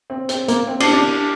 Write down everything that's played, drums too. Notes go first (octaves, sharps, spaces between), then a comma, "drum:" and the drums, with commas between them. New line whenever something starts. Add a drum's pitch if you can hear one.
C4
C4, drum: hi-hat
A#3, drum: hi-hat
C4
D4, drum: cymbal
D4